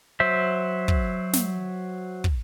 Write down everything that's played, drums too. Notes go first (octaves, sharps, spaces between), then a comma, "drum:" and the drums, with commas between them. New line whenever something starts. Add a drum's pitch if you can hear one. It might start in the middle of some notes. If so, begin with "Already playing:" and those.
F#3 C5 E5
drum: kick
drum: snare
drum: kick